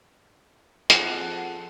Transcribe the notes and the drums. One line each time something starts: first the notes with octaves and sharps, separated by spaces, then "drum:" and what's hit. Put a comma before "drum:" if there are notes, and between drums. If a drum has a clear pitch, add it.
F3 C4 G#4 A4 F#5, drum: hi-hat